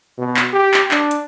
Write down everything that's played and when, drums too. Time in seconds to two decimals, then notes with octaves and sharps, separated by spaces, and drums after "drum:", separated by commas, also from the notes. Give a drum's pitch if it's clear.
0.18 B2
0.37 drum: clap
0.53 G4
0.74 drum: clap
0.91 D4, drum: clap
1.11 drum: hi-hat